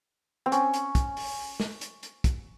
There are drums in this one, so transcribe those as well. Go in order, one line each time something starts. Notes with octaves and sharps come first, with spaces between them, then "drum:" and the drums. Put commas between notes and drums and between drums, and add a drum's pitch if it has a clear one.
C4
C#4, drum: hi-hat
drum: hi-hat
drum: kick, hi-hat
drum: open hi-hat
drum: snare
drum: hi-hat
drum: hi-hat
drum: kick, hi-hat